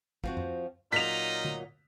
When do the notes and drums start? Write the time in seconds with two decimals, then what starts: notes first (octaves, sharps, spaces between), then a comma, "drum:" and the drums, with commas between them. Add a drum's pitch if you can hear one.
0.24 F3 C4 F#4, drum: kick
0.37 drum: tom F2
0.92 A#2 F#3 D#4 F4 B6 F7
1.44 drum: tom